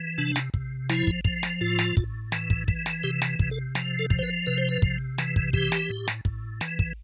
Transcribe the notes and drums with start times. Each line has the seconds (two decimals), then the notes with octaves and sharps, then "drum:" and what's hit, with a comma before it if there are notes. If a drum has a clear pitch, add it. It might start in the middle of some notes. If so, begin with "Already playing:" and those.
Already playing: E3
0.18 C3 D4
0.36 drum: snare
0.54 C3, drum: kick
0.89 F3 E4, drum: snare
1.07 drum: kick
1.25 F3, drum: kick
1.43 drum: snare
1.61 A2 F4
1.79 drum: snare
1.97 A2, drum: kick
2.32 E3, drum: snare
2.50 drum: kick
2.68 E3, drum: kick
2.86 drum: snare
3.04 C3 G4
3.22 drum: snare
3.39 C3, drum: kick
3.51 A4
3.75 F3, drum: snare
3.99 A4
4.10 F3, drum: kick
4.19 C5
4.23 B4
4.47 C3 B4
4.58 C5
4.69 B4
4.82 C3, drum: kick
5.18 E3, drum: snare
5.36 drum: kick
5.53 E3 G4, drum: kick
5.72 drum: snare
5.89 A2
6.08 drum: snare
6.25 A2, drum: kick
6.61 E3, drum: snare
6.79 drum: kick